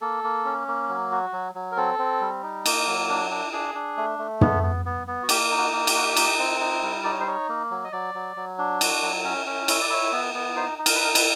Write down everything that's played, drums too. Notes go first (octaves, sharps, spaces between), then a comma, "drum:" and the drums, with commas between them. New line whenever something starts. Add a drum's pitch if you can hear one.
A#3 A4
A#3
C#4
A#3
F#3
F#4
F#3
F#3
A#4
C4 A4
C4
G3
D#4
A#3, drum: cymbal
F#3
D4
D4
D4 G#4
D4
A3
A3
B3, drum: tom
B3
B3
B3
F#4
A#3 G4, drum: cymbal
D#4
F#4
A#3
G4, drum: cymbal
D#4 F#4
G4
D#4, drum: cymbal
C4
D#4
G3
D#4 D5
C#5
C5
D#4 C#5
A#3
F#3
D#5
F#3 D5
F#3
F#3
D4
F#4, drum: cymbal
F#3
C#4
C#4
E4 C#5, drum: cymbal
D5
E4 C#5
B3
B3
D#4 C5
D#4
A#4, drum: cymbal
B4
D#4 A#4
B4, drum: cymbal